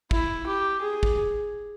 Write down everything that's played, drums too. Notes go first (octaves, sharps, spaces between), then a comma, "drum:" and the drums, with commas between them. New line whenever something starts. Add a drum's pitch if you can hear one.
E4, drum: kick
G4
G#4
drum: kick